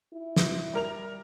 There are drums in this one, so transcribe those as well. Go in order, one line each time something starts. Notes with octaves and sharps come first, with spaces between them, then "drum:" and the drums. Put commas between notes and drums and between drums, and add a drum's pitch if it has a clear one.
E4
drum: snare
G3 A#4 F7